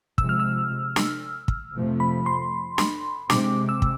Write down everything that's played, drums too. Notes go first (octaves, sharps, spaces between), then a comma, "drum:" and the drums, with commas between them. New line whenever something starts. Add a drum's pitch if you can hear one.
C3 F3 G#3 E6, drum: kick
F6
E6
drum: snare
drum: kick
F2 C3 F3 A3
B5
C6
drum: snare
C3 G#3 C4 D6, drum: snare
E6
drum: kick